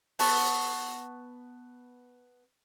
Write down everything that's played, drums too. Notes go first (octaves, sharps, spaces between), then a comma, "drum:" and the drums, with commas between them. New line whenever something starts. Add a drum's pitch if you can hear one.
B3 A5 C#6, drum: open hi-hat